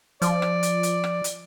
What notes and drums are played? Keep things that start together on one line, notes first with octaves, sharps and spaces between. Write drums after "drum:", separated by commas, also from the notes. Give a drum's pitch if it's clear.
F3 D5, drum: hi-hat
drum: rim click
drum: hi-hat
drum: hi-hat
drum: rim click
drum: hi-hat